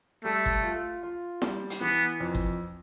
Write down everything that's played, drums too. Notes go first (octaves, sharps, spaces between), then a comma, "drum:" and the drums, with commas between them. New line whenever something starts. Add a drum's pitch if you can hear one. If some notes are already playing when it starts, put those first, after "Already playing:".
G3 A3
drum: kick G1
F4
F4
G3, drum: snare E4
drum: hi-hat
E3 B3
F2
drum: kick G1